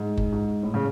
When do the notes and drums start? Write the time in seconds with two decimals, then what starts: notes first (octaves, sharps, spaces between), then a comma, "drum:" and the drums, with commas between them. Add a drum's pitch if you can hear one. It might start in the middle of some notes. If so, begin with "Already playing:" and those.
Already playing: G#2
0.17 drum: kick F#1
0.32 G#2
0.63 A2
0.74 C#3